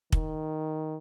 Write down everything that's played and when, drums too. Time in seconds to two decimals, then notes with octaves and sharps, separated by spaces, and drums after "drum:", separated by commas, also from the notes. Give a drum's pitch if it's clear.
0.12 D#3, drum: kick